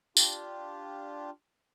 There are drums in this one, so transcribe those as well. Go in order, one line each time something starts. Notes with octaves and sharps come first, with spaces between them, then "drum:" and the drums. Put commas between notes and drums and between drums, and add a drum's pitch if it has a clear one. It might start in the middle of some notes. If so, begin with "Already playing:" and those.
D4 F4 G4, drum: tambourine